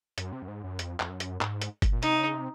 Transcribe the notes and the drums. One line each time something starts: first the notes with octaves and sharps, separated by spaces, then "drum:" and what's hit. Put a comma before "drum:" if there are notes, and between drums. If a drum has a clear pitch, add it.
F#2, drum: hi-hat
C3
F#2
G#2
F#2
F2, drum: hi-hat
F2, drum: clap
F#2
drum: hi-hat
G#2, drum: clap
drum: hi-hat
drum: kick G1, hi-hat
A#2
C3 D#4, drum: hi-hat
C#3
C3